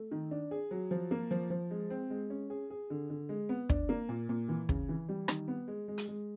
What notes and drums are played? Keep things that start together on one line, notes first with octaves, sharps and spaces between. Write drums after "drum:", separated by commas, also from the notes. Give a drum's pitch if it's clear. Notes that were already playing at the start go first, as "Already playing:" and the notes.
Already playing: A3
D#3
D4
G#4
F#3
F3
A#3
F3
F3
G#3
C4
G#3
C#4
G#4
G#4
D3
D3
G#3
B3
D4, drum: kick
A#3
A#2
A#2
E3
C#3, drum: kick
E3
G3
D#3, drum: rim click
B3
G#3
G#3
drum: hi-hat
G#3